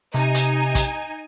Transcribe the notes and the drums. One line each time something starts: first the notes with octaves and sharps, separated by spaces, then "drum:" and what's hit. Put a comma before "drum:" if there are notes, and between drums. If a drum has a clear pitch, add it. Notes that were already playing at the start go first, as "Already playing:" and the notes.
C3 D#4 G#5
drum: hi-hat
drum: kick, hi-hat